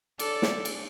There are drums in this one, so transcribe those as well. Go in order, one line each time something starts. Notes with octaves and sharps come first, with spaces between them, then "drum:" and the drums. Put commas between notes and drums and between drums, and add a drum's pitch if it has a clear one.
A4 D5, drum: cymbal
drum: snare
drum: cymbal